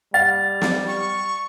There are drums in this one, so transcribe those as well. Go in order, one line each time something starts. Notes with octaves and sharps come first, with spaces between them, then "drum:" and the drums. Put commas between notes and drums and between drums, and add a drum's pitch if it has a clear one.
G3 F5 F#5 A6
drum: snare
C#6